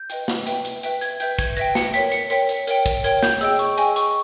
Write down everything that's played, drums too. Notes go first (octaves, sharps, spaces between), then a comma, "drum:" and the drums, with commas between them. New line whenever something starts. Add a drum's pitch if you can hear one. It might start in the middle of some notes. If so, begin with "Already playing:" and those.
Already playing: G6
B4 D#5 G5, drum: hi-hat
drum: snare
B4 E5 G5, drum: hi-hat
drum: hi-hat
B4 E5 G5, drum: hi-hat
G#6, drum: hi-hat
B4 E5 G5 G6, drum: hi-hat
G#6, drum: kick, hi-hat
B4 E5 G5 A#6, drum: hi-hat
C#7, drum: snare
A#4 C#5 G5 B6, drum: hi-hat
C#7, drum: hi-hat
A#4 C#5 G5 B6, drum: hi-hat
drum: hi-hat
A#4 C#5 G5, drum: hi-hat
drum: kick, hi-hat
A#4 C#5 G5 G#6, drum: hi-hat
G6, drum: snare
G#4 D#5 G5 E6, drum: hi-hat
C#6, drum: hi-hat
G#4 D#5 G5 G#5, drum: hi-hat
C#6, drum: hi-hat